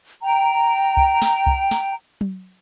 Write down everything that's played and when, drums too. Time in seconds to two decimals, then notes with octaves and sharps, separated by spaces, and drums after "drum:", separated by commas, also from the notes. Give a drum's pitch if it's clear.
0.23 G5 A#5
0.97 drum: kick C2
1.22 drum: snare
1.46 drum: kick C2
1.71 drum: snare
2.21 drum: tom F#3